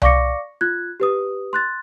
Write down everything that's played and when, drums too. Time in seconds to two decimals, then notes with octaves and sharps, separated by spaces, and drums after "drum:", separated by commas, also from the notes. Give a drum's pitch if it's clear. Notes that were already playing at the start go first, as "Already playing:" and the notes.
0.02 D5 F5 C#6 D6 A#6 C#7, drum: tom C2
0.61 F4 F#6 G#6
1.00 G4 B4 D#6
1.53 C6 F#6 A6